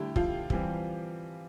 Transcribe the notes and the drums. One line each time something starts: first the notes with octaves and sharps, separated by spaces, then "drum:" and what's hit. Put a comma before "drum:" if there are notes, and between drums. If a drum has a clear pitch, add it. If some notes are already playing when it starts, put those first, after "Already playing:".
Already playing: D3 G3 A3 E4 G4
F3 F4, drum: kick
E3 G3 C4 G4, drum: kick